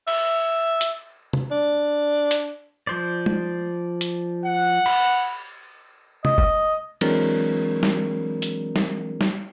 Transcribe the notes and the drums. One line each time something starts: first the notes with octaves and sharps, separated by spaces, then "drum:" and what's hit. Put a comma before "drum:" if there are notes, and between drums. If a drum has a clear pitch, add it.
E5, drum: cymbal
drum: hi-hat
drum: tom
D4
drum: hi-hat
F3 C5 D5
drum: tom
drum: hi-hat
F#5
B5, drum: cymbal
D#5, drum: tom
drum: kick F#1
E3 F#3 G#3 C4 D4 A#4, drum: cymbal
drum: snare
drum: hi-hat
drum: snare
drum: snare